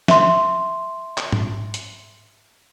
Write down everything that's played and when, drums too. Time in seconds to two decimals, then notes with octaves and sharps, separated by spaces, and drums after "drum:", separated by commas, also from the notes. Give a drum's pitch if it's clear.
0.08 E5 C6, drum: snare
1.17 drum: clap
1.32 drum: tom G#2
1.74 drum: hi-hat